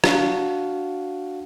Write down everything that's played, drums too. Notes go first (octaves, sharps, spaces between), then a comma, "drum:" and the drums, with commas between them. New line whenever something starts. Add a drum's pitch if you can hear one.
D4 F#4 F5 F#5, drum: rim click